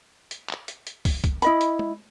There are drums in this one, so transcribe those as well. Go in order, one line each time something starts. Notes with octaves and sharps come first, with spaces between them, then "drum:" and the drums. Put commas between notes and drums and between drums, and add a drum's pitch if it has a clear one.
drum: hi-hat
drum: clap
drum: hi-hat
drum: hi-hat
drum: kick, open hi-hat
drum: kick, hi-hat
E4 D#5 B5, drum: hi-hat
drum: hi-hat
drum: tom G#3